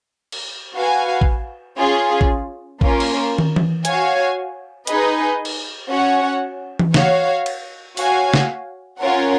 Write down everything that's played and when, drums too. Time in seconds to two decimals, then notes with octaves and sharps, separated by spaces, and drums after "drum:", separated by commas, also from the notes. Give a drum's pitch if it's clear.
0.32 drum: cymbal
0.75 F#4 B4 F5 G#5
1.21 drum: kick A1
1.78 C#4 F4 G#4
2.21 drum: kick A1
2.81 A#3 C#4 F4 A#4, drum: kick A1
3.00 drum: cymbal
3.38 drum: tom
3.56 drum: tom E3
3.85 F#4 C#5 F5 G#5, drum: hi-hat
4.87 D#4 G#4 B4 D#5, drum: hi-hat
5.45 drum: cymbal
5.90 C#4 F#4 C#5 F#5
6.79 drum: tom E3
6.94 F#4 C#5 F5, drum: snare
7.46 drum: cymbal
7.97 F#4 C#5 F5 G#5, drum: open hi-hat
8.34 drum: snare
9.00 C#4 F4 A#4 C#5 F#5